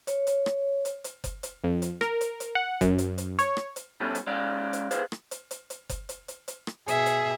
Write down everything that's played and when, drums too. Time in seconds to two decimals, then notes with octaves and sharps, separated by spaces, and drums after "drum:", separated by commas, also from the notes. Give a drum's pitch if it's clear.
0.07 C#5, drum: hi-hat
0.27 drum: hi-hat
0.46 drum: rim click
0.85 drum: hi-hat
1.04 drum: hi-hat
1.24 drum: kick F#1, hi-hat
1.43 drum: hi-hat
1.64 F2
1.82 drum: hi-hat
2.01 A#4, drum: rim click
2.21 drum: hi-hat
2.40 drum: hi-hat
2.55 F#5
2.81 F#2, drum: kick F#1, hi-hat
2.98 drum: hi-hat
3.18 drum: hi-hat
3.39 C#5, drum: hi-hat
3.57 drum: rim click
3.76 drum: hi-hat
4.00 G2 B2 G3 A3 C#4
4.15 drum: hi-hat
4.27 G#3 C#4 D5 F5
4.73 drum: hi-hat
4.91 G#4 B4 C5 F5, drum: hi-hat
5.12 drum: rim click
5.31 drum: hi-hat
5.51 drum: hi-hat
5.70 drum: hi-hat
5.89 drum: kick F#1, hi-hat
6.09 drum: hi-hat
6.28 drum: hi-hat
6.48 drum: hi-hat
6.67 drum: rim click
6.88 B2 G#4 E5, drum: hi-hat
7.06 drum: hi-hat